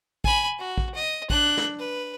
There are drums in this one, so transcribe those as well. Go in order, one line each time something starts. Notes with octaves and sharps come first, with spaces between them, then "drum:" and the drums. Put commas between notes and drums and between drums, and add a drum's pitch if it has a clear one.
G#5 B5, drum: kick
F#4
drum: kick
D#5
D4 F#6, drum: kick
drum: snare
B4